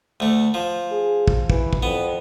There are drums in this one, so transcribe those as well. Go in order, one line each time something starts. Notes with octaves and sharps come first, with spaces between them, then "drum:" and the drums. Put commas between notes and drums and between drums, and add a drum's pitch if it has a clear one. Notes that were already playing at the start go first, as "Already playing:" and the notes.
D2 A3
F3
G#4
drum: kick
E3, drum: kick
drum: kick
F2 B3